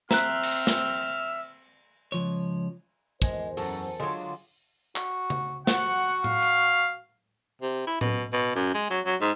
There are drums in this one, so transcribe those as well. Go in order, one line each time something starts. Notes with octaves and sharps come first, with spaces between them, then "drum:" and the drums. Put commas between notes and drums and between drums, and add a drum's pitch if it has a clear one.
C4 E5 A#5 F6 F#6, drum: snare
drum: cymbal
drum: snare
C#2 F3 C#5
E2 G#3 A#4 C5, drum: kick
F#2 A4, drum: open hi-hat
D3 F#3 G#3 F4
F#4, drum: clap
drum: tom C#3
F#4 F#5, drum: snare
F5, drum: tom A2
drum: hi-hat
C3
E4
B2, drum: tom A2
B2
F#2
G#3
F#3
F#3
G#2